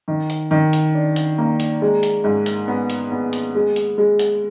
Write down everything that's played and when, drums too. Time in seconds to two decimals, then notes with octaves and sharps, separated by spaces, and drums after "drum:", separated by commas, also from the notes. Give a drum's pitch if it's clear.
0.08 D#3
0.30 drum: hi-hat
0.51 D#3
0.73 drum: hi-hat
0.94 D4
1.16 drum: hi-hat
1.38 A#3
1.60 drum: hi-hat
1.82 G#3
2.03 drum: hi-hat
2.24 G#2
2.46 drum: hi-hat
2.68 B3
2.90 drum: hi-hat
3.12 B3
3.33 drum: hi-hat
3.55 G#3
3.76 drum: hi-hat
3.98 G#3
4.19 drum: hi-hat